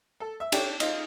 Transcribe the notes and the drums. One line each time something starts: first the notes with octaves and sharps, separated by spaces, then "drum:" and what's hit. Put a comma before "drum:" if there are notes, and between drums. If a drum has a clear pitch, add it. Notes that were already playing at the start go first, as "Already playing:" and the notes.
A4
E5
D4 G4 A4 C#5, drum: cymbal
D#4 F4 D#5, drum: cymbal